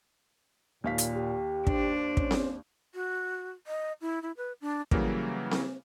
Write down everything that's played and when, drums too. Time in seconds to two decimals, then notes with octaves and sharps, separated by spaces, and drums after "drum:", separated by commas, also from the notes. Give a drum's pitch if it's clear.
0.84 D#2 A#2 F5 B6
0.98 drum: hi-hat
1.17 G4
1.67 D4 C5, drum: kick
2.17 C#4, drum: kick
2.31 drum: snare C4
2.95 F#4
3.67 D#5
4.01 E4
4.22 E4
4.37 B4
4.61 D4
4.91 C#3 E3 F#3 G3 A#3, drum: kick
5.51 drum: snare C4